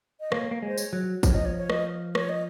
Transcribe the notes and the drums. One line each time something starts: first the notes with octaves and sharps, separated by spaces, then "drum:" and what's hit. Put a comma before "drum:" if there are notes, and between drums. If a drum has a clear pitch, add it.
D#5
A#3 C#5, drum: rim click
A#3
G#3 C5
C#5, drum: tambourine
F#3
F3 C#5, drum: kick, tambourine
D#5
C#5
C#5
D#5, drum: rim click
C#5, drum: rim click
D#5